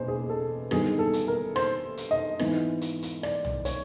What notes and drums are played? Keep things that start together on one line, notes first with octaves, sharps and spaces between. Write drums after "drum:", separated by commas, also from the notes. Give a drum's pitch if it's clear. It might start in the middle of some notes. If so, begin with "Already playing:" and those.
Already playing: F#1 E2 B2 C5
G#4
A4
G1 G2 D#3 F#3 B3 G#4, drum: rim click
A4
drum: hi-hat
A#4
C5, drum: rim click
drum: hi-hat
D#5
G#2 E3 G#3 B3, drum: rim click
drum: hi-hat
drum: hi-hat
D5, drum: rim click
drum: tom
C#5, drum: hi-hat